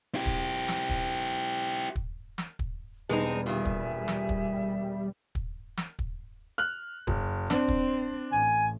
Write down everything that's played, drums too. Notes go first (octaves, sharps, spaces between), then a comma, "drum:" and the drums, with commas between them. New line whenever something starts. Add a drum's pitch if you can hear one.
E4 G4
drum: kick
drum: snare
drum: kick
drum: kick
drum: snare
drum: kick
E1 G3 G#3 B3 C4 D#4 A5
A#2 D#3 G#4 E5
drum: kick
drum: snare
drum: kick
drum: kick
drum: snare
drum: kick
F6 F#6
F#1, drum: kick
C4 D4, drum: snare
drum: kick
A1 G#5